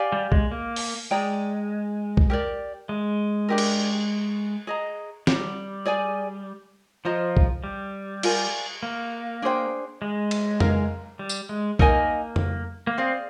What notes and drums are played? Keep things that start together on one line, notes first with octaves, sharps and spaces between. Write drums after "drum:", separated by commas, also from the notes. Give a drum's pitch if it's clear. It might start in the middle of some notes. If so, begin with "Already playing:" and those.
Already playing: G4 D5 F5 G#5
G3
G#3, drum: kick B1
A#3
drum: open hi-hat
G#3 G#4 D5 G5 A#5
drum: kick B1
G4 A#4 D5
G#3
D4 G4 A#4
drum: cymbal
G#4 D#5 A#5
G3, drum: snare
G#4 D5 G#5
F3 F4 C5 D#5 A#5
drum: kick B1
G3
F4 A#4 D5 G#5, drum: cymbal
A#3
D4 G#4 C5 G5
G#3
drum: cymbal
A#4 F5 A#5, drum: tom F2
G3
drum: tambourine
G#3
A#3 D#4 A#4 D#5 G#5, drum: kick B1
drum: tom F2
A#3
C4 G#4 D5 F5